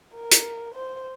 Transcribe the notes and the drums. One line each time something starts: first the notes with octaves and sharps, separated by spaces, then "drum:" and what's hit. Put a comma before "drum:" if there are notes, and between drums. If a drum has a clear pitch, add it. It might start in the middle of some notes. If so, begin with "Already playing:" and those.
A#4
drum: hi-hat
C5